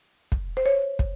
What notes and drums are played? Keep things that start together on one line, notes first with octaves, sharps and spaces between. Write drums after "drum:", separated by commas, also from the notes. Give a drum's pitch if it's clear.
drum: kick
C5
C#5
drum: kick